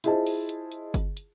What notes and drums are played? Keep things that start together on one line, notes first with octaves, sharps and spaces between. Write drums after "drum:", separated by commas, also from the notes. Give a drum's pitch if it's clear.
E4 F4 G#4 C5 D#5 A5, drum: hi-hat
drum: open hi-hat
drum: hi-hat
drum: hi-hat
drum: kick G1, hi-hat
drum: hi-hat